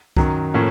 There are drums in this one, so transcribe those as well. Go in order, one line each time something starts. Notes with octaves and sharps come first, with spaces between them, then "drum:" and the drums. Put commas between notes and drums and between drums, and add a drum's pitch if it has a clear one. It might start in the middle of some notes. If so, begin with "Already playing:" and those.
F#2 D#3 F#3, drum: kick C2
A2 F3 A#3 C#4